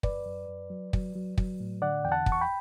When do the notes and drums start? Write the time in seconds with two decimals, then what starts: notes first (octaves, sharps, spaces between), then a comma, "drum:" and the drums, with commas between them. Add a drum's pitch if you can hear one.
0.03 F#2 B4 D5, drum: kick
0.26 F#2
0.48 F#2
0.70 F#3
0.93 F#3, drum: kick
1.15 F#3
1.38 F#3, drum: kick
1.60 A2
1.82 D3 D5 F#5
2.04 E2 G5
2.12 F#5 A5
2.26 E2, drum: kick
2.32 C#6
2.41 G5 B5